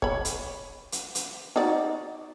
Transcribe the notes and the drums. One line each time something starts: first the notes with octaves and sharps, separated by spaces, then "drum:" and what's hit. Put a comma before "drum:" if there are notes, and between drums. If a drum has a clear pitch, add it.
C#5 B5, drum: kick
drum: hi-hat
drum: hi-hat
drum: hi-hat
D#4 F#4 D5